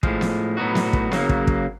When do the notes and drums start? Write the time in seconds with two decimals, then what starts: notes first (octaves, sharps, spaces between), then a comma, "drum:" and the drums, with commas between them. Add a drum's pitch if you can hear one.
0.03 A2 F3 G#3, drum: kick
0.21 drum: snare B3
0.57 A2 F#3 B3 D#4 F#4
0.75 drum: snare B3
0.93 drum: kick
1.12 C#3 F#3 A#3, drum: snare B3
1.29 drum: kick
1.47 drum: kick